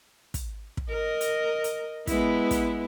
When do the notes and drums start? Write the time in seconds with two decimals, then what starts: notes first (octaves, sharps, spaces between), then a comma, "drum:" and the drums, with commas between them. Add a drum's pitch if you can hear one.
0.34 drum: kick, hi-hat
0.77 drum: kick
0.90 A#4 D#5
1.21 drum: hi-hat
1.64 drum: hi-hat
2.07 G#3 B3 E4, drum: kick, hi-hat
2.51 drum: kick, hi-hat